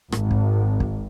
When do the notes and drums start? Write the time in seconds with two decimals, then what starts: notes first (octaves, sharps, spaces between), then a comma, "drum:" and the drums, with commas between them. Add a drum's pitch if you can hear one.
0.12 G#1, drum: rim click
0.31 drum: kick
0.80 drum: kick